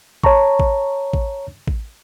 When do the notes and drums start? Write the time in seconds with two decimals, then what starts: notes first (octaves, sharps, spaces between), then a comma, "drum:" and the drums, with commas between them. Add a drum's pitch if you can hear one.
0.23 C#5 A5 A#5 C#6, drum: kick A1
0.59 drum: kick A1
1.13 drum: kick A1
1.67 drum: kick A1